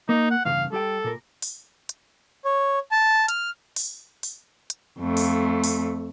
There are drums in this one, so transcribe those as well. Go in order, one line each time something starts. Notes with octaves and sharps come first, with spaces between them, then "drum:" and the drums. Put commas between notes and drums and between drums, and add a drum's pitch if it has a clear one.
A#3 D#4
F#5
E2 G2 C#3 F5
G3 G4 A4 G5
A#2 A#4
drum: open hi-hat
drum: hi-hat
C#5
A5
F6, drum: hi-hat
drum: open hi-hat
drum: open hi-hat
drum: hi-hat
F2 A3
drum: open hi-hat
drum: open hi-hat